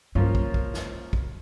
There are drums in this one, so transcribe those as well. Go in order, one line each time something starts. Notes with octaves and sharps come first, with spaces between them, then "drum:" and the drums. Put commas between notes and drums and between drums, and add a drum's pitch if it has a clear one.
G2 F3 A#3 C#4 F4
drum: kick
drum: kick
drum: snare
drum: kick